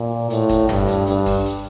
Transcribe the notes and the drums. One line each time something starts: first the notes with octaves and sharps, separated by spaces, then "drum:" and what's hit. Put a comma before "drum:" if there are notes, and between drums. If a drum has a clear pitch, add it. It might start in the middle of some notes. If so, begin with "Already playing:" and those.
Already playing: A#2
A2, drum: hi-hat
drum: kick, hi-hat
G2, drum: tom F#1
drum: hi-hat
G2, drum: hi-hat
drum: kick, open hi-hat
drum: hi-hat